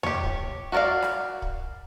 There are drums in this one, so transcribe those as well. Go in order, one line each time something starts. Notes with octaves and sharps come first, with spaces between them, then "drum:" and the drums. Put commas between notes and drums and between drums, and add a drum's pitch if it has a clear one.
G4 C#5, drum: tom E2
drum: kick
F#4 A#4 C#5 D5 F5
drum: rim click
drum: kick